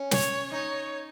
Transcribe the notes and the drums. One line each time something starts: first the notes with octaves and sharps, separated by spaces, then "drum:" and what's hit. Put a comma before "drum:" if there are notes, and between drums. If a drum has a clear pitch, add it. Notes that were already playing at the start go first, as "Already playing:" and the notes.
Already playing: C#4
C#5, drum: snare
D#4 C#5